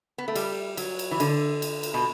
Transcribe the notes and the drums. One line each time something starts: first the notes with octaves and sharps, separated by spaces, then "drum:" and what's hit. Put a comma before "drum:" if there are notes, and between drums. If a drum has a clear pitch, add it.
B3
A3
G3, drum: cymbal
F#3, drum: cymbal
drum: cymbal
E3
D3, drum: cymbal
drum: cymbal
drum: cymbal
B2